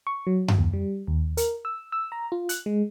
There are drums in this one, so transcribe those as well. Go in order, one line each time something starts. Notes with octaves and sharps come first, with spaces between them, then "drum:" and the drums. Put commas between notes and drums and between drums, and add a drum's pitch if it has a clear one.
C#6
F#3
drum: tom F#2
D#2
G3
D#2
A#4, drum: hi-hat
E6
E6
A#5
F4
F#6, drum: hi-hat
G#3